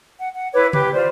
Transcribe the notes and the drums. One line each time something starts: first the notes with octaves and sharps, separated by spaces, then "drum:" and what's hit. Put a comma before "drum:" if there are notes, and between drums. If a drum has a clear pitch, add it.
F#5
F#5
E4 B4 C#5 D6
G4 B4 D6, drum: tom C#3
F4 C5 D5